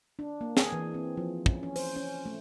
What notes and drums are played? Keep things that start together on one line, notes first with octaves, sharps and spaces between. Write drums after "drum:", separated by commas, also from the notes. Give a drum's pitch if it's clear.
D4
A#3
G#4, drum: snare
E3
C4
F3
C#4, drum: kick
C#4
C5, drum: open hi-hat
C#4
A3